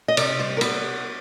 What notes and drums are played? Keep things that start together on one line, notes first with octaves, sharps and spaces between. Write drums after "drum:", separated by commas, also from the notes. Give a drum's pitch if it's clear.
D#5
C3 D5, drum: cymbal
G3 C5
A#4
B3 B4, drum: cymbal